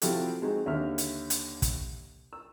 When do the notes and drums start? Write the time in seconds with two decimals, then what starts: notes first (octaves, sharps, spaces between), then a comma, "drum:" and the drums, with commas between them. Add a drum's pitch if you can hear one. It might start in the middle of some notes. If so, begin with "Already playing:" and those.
0.02 C3 F3 E4 F#4 G4 A4, drum: hi-hat
0.42 G#3 C4 D#4 F#4
0.66 D#2 D3 E5 F6
0.98 drum: hi-hat
1.30 drum: hi-hat
1.62 drum: kick, hi-hat
2.33 E6